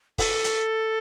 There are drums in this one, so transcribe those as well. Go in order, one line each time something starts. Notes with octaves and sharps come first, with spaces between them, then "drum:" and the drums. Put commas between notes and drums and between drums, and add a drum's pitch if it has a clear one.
A4, drum: kick, open hi-hat
drum: hi-hat